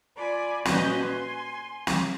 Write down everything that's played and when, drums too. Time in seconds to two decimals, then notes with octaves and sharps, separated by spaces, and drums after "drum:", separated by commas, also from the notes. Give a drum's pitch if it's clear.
0.16 F4 D5 G#5 B5
0.65 A#2 C#4 F#4 B4 D#5 G6, drum: snare
1.00 G#5 C6
1.87 drum: snare